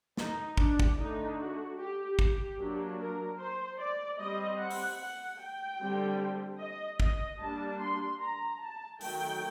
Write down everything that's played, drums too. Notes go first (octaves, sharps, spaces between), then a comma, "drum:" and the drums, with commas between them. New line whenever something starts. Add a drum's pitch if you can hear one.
D#4, drum: snare
D4, drum: kick
drum: kick
D3 A3 D4 D#4
F#4
G4
G4, drum: kick
F#3 A#3 D4
A#4
C5
D5
G3 C4 D#5
F#5
drum: open hi-hat
F#5
G5
D3 G3 C4
D#5
D#5, drum: kick
G3 A#3 D4 A5
C6
A#5
A5
D#3 F#3 A3 G5, drum: open hi-hat